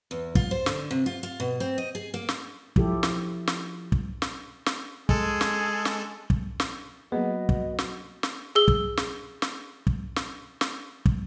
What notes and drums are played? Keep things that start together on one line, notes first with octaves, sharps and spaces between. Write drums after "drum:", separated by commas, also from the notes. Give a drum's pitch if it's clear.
E2
F4, drum: kick
C5
D3, drum: snare
C3
F4
F4
B2
C4
D#5
G#4
A#3
drum: snare
F3 E4 G4 A4, drum: kick
drum: snare
drum: snare
drum: kick
drum: snare
drum: snare
G#3 G#4 A4, drum: kick
drum: snare
drum: snare
drum: kick
drum: snare
F#3 A#3 B3 F#4 G#4 D#5
drum: kick
drum: snare
drum: snare
G#4 E6 G7
drum: kick
drum: snare
drum: snare
drum: kick
drum: snare
drum: snare
drum: kick